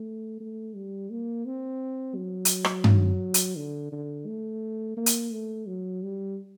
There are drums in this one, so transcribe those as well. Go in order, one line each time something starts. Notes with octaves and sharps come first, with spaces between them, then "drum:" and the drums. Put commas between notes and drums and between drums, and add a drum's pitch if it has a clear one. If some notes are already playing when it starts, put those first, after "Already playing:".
Already playing: A3
A3
G3
A#3
C4
F#3
drum: hi-hat
drum: rim click
drum: tom G2
drum: hi-hat
D3
D3
A3
A#3
drum: hi-hat
A3
F#3
G3